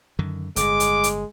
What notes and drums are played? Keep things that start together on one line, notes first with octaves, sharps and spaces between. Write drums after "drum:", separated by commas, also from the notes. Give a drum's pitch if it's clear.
F#2 D3 D#3
G1 A2 G#3 D6, drum: hi-hat
drum: hi-hat
drum: hi-hat